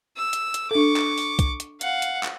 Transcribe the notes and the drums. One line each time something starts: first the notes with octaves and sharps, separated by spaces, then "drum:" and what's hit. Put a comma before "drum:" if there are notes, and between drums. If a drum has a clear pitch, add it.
E6
drum: hi-hat
drum: hi-hat
D4 A4 C#6 D6
drum: clap
drum: open hi-hat
drum: kick, hi-hat
drum: hi-hat
F5 F#5, drum: hi-hat
drum: hi-hat
drum: clap